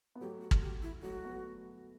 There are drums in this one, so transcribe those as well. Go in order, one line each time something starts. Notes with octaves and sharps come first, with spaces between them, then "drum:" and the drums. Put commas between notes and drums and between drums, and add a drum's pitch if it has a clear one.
B3
F#3 A3 G4
F#4
drum: kick
G4
E4
F#3 A3 F#4
B3
F#3 A3